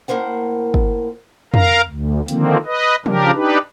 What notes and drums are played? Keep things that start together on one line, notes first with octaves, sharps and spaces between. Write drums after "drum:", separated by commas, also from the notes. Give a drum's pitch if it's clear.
A2 A#3 A#4 C5 F#5
drum: kick
A#4 F5 A#5, drum: tom F2
D2
D3 D#3 F3 A#3 C4, drum: hi-hat
B4 D#5
C#3 F3 D4 G4 A#4, drum: tom
D4 D#4 G4 B4